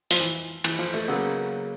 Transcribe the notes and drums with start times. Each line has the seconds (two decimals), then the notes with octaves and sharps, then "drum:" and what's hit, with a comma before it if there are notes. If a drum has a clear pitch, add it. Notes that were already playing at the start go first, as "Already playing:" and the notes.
0.11 F3, drum: open hi-hat
0.20 E3
0.64 E3, drum: cymbal
0.79 F3
0.94 A3
1.08 C#3 F#3 A#3 B3